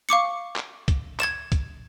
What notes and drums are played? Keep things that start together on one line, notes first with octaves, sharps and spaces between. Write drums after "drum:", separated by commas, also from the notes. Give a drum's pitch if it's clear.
F5 C#6 D6 C#7
drum: clap
drum: kick, hi-hat
G#6 A6 E7, drum: clap
drum: kick, hi-hat